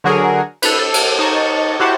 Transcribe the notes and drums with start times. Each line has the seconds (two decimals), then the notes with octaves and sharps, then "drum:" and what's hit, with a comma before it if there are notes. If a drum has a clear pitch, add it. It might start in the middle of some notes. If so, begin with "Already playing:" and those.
0.04 D3 F#3 F#4 G#4 A#4
0.62 A4 B4, drum: cymbal
0.79 A4
0.94 drum: cymbal
1.19 D#4 A5 C#6
1.80 E4 F#4 G4 C5 F#5 A5